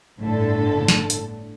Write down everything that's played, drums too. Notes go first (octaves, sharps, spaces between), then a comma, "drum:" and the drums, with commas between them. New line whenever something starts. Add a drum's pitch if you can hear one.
G1 A2 D3 A4
drum: snare
drum: hi-hat